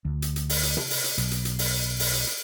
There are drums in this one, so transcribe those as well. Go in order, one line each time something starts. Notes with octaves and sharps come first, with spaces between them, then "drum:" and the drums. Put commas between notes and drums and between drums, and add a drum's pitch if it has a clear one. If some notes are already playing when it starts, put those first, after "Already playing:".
D2
drum: hi-hat
drum: hi-hat
drum: open hi-hat
drum: hi-hat
drum: tom C3
drum: open hi-hat
drum: hi-hat
B1, drum: hi-hat
drum: hi-hat
drum: hi-hat
drum: open hi-hat
drum: open hi-hat
drum: hi-hat
drum: hi-hat